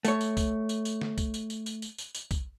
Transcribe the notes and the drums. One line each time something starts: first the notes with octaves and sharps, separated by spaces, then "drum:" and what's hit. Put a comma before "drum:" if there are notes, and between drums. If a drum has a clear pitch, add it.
A3 C#5, drum: tambourine
drum: tambourine
drum: kick, tambourine
drum: tambourine
drum: tambourine
drum: snare D3
drum: kick, tambourine
drum: tambourine
drum: tambourine
drum: tambourine
drum: tambourine
drum: tambourine
drum: tambourine
drum: kick, tambourine